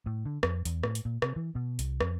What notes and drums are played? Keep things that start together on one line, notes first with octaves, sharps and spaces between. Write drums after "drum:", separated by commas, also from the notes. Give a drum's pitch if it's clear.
A2
D3
F2, drum: rim click
E2, drum: hi-hat
A2, drum: rim click
drum: hi-hat
A#2
C3, drum: rim click
E3
B2
C2, drum: hi-hat
F2, drum: rim click